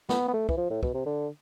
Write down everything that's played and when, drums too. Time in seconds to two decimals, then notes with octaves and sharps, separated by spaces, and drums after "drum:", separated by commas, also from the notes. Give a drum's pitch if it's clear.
0.09 B3, drum: snare
0.28 B3
0.33 A3
0.49 E3, drum: kick
0.57 F3
0.70 A2
0.83 B2, drum: kick
0.94 C3
1.06 D3